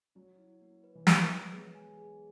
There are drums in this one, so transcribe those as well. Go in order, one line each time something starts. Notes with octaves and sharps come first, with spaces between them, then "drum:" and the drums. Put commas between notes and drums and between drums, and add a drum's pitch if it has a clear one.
F#3 C#4
E4
A#3
B4
E3
F#3 B4, drum: snare
G#3 E5
B3 G#4
G#5
G#4